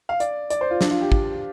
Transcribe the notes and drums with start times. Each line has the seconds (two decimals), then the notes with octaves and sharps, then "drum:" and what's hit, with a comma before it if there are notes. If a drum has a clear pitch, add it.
0.09 F5
0.20 D5, drum: hi-hat
0.50 D5, drum: hi-hat
0.61 C5
0.71 F4
0.81 D4, drum: snare
0.91 F4
1.01 G4
1.12 drum: kick